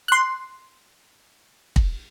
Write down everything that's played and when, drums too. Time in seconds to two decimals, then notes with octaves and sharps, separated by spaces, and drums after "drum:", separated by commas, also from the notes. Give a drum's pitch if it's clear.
0.08 C6 F#6
1.76 drum: kick